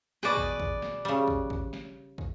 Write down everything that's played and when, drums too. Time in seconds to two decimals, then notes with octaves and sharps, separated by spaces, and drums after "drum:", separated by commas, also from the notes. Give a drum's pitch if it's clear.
0.23 B2 F#4 G#4 B4 D5 G5
0.37 drum: kick
0.60 drum: kick
0.82 drum: snare
1.05 C#3 G3
1.28 drum: kick
1.50 drum: kick
1.73 drum: snare
2.18 drum: kick